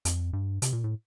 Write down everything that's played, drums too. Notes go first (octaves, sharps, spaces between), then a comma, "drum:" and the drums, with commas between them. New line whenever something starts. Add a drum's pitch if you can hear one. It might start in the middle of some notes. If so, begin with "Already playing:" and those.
F2, drum: hi-hat
G2
C3, drum: hi-hat
A#2
A2